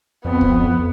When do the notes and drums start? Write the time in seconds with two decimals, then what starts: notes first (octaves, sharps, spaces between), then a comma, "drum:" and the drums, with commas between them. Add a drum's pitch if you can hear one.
0.25 F2 B3
0.41 drum: kick C2